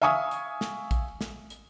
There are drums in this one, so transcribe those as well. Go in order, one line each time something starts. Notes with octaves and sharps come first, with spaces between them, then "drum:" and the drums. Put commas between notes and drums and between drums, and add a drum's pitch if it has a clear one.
E5 F5 G#5 C#6 D#6
drum: hi-hat
drum: snare
drum: kick A#1, hi-hat
drum: snare
drum: hi-hat